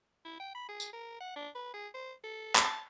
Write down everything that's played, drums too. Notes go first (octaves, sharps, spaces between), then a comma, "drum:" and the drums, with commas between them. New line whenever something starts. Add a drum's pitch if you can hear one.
E4
G5
B5
G#4
drum: tambourine
A#4
F#5
D4
B4
G#4
C5
A4
A5, drum: clap